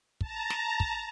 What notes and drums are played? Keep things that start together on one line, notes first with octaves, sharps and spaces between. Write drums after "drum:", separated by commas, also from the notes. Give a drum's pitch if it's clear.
A5 A#5, drum: kick
drum: snare
drum: kick